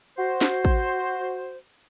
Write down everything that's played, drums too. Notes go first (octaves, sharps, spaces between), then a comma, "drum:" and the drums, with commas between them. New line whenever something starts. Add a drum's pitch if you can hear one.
F#4 C5
drum: snare
drum: kick